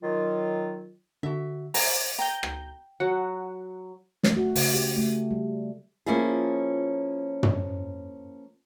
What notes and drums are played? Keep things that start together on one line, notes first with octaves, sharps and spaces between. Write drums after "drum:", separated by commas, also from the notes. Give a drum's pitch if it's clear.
D#3 F#3 F4
D3 F#4 E5
C5 G#5 A#5, drum: open hi-hat
G5 A#5 G6
drum: rim click
F#3 F#5
A3, drum: snare
F#4
C#3, drum: open hi-hat
G4
A3
G3
F3 A#3 C#4 E4 F4 G#4
drum: tom